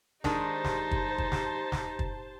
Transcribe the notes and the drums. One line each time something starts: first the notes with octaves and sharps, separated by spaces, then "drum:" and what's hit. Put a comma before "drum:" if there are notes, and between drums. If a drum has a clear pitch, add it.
D#3 G#3 D4 D#4 G4 C5 A5, drum: snare
drum: snare
drum: kick
drum: kick
drum: snare
drum: snare
drum: kick